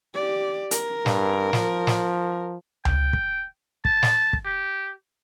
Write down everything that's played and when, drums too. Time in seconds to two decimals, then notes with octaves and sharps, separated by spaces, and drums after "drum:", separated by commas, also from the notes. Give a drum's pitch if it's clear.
0.14 G4 D5
0.71 A#4, drum: hi-hat
1.06 G2, drum: snare
1.53 F3, drum: snare
1.87 drum: snare
2.85 G5, drum: tom C#2
3.13 drum: kick
3.85 A5, drum: kick
4.03 drum: snare
4.33 drum: kick
4.45 G4